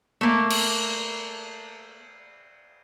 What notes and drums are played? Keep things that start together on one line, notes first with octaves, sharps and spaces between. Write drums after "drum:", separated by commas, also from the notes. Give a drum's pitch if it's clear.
A3 A#3
drum: cymbal